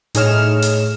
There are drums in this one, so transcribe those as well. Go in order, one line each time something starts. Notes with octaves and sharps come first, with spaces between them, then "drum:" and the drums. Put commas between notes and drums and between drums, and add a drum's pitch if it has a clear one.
A2 D#4 G#4 C#5 F6 E7, drum: hi-hat
drum: hi-hat